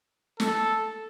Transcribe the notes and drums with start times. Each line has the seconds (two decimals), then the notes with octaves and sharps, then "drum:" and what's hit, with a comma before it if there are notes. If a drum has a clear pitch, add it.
0.40 A4, drum: snare